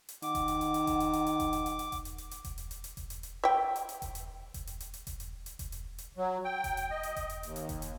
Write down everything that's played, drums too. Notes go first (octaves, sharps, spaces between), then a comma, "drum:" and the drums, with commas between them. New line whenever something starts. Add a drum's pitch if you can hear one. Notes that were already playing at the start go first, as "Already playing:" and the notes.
drum: hi-hat
D#3 F#5 D6, drum: hi-hat
drum: kick E1, hi-hat
drum: hi-hat
drum: hi-hat
drum: hi-hat
drum: kick E1, hi-hat
drum: hi-hat
drum: hi-hat
drum: hi-hat
drum: kick E1, hi-hat
drum: hi-hat
drum: hi-hat
drum: hi-hat
drum: kick E1, hi-hat
drum: hi-hat
drum: hi-hat
drum: hi-hat
drum: kick E1, hi-hat
drum: hi-hat
drum: hi-hat
drum: hi-hat
drum: kick E1, hi-hat
drum: hi-hat
drum: hi-hat
E5 G5
drum: hi-hat
drum: hi-hat
drum: kick E1, hi-hat
drum: hi-hat
drum: kick E1, hi-hat
drum: hi-hat
drum: hi-hat
drum: hi-hat
drum: kick E1, hi-hat
drum: hi-hat
drum: hi-hat
drum: kick E1, hi-hat
drum: hi-hat
drum: hi-hat
F#3
G5
drum: kick E1, hi-hat
drum: hi-hat
D#5
drum: hi-hat
drum: kick E1, hi-hat
drum: hi-hat
D#2, drum: hi-hat
drum: hi-hat
drum: kick E1, hi-hat
drum: hi-hat